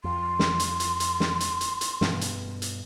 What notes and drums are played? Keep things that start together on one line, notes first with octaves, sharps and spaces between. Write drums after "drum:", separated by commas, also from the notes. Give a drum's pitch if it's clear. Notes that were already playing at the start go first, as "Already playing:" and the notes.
F2 C6
drum: snare
drum: hi-hat
drum: hi-hat
drum: hi-hat
drum: snare
drum: hi-hat
drum: hi-hat
drum: hi-hat
G2 B2, drum: snare
drum: hi-hat
drum: hi-hat